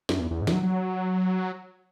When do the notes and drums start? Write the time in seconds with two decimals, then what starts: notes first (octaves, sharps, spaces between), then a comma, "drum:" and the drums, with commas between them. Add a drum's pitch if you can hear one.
0.09 F#2, drum: snare
0.20 E2
0.31 E2
0.42 G#2
0.47 E3, drum: snare
0.52 F#3
0.63 F#3